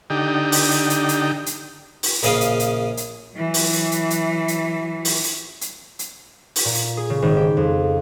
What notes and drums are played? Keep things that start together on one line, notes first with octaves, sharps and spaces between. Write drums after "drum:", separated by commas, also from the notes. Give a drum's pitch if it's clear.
D3 D#4 G4
drum: open hi-hat
drum: hi-hat
drum: hi-hat
drum: hi-hat
drum: hi-hat
drum: open hi-hat
A#1 C#3 C#4 D#5 F5, drum: hi-hat
drum: hi-hat
drum: hi-hat
drum: hi-hat
E3 F#3
drum: open hi-hat
drum: hi-hat
drum: hi-hat
drum: hi-hat
drum: hi-hat
drum: open hi-hat
drum: hi-hat
drum: hi-hat
drum: hi-hat
drum: open hi-hat
A#2
drum: hi-hat
G#4
C#3
G#1
G4
F2